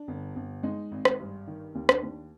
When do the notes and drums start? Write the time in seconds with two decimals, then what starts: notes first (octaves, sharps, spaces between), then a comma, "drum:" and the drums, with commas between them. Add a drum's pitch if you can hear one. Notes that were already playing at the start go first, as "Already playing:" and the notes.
Already playing: D4
0.08 G1
0.36 G1
0.63 G#3 D#4
0.92 G#1
1.05 drum: rim click
1.20 G2
1.47 D#3
1.75 D#2
1.89 D4, drum: rim click
2.03 D#2